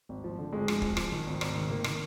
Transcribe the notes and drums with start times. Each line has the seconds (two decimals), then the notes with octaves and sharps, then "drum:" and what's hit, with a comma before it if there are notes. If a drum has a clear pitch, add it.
0.09 G#1
0.24 F3
0.39 D3
0.52 G#1 G#3
0.68 F3, drum: rim click
0.82 F3, drum: kick
0.97 F3, drum: rim click
1.12 D#3
1.27 G#1
1.41 G#1, drum: rim click
1.55 D#3
1.70 D#3 A#3
1.84 D#3, drum: rim click